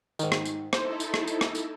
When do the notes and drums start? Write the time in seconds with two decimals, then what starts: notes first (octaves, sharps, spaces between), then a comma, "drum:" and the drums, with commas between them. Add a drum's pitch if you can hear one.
0.19 G#2 D#3, drum: tambourine
0.32 drum: rim click
0.45 drum: tambourine
0.73 D#4 E4 A4 C5, drum: rim click
1.00 drum: tambourine
1.14 drum: rim click
1.27 drum: tambourine
1.41 drum: rim click
1.55 drum: tambourine